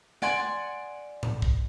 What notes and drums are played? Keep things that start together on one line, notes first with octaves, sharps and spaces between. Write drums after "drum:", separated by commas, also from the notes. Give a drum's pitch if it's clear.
D5 F#5 G#5 C6, drum: snare
drum: tom G#2
drum: kick B1